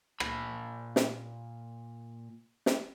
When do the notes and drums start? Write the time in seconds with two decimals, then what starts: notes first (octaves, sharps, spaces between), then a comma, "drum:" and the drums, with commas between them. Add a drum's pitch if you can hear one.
0.20 A#2 B5, drum: rim click
0.96 drum: snare
2.66 drum: snare